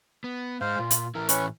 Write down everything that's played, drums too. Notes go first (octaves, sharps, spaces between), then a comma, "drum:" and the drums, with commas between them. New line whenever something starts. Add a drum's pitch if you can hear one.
B3
G#2 G#3 C5 F5
A#2 F4
drum: hi-hat
A2 E3 E4 A#4
C#4 B4 C#6, drum: hi-hat